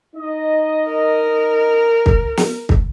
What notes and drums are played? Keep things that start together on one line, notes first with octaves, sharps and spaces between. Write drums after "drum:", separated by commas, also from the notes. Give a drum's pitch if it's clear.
D#4 D#5
A#4
drum: kick C2
drum: snare
drum: kick C2